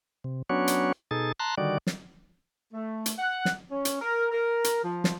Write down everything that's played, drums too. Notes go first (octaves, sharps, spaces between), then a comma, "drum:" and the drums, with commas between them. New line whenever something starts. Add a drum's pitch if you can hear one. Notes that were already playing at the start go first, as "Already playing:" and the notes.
C3
F#3 B3 C#4 D4 F#4 C#5
drum: hi-hat
B2 D#4 G#4 A4 A6
A5 A#5 C6 F#6
D3 D#3 G3 F#4 D5
drum: snare
A3
drum: hi-hat
F#5
drum: snare
C#4
drum: hi-hat
A#4
A#4
drum: hi-hat
F3
drum: snare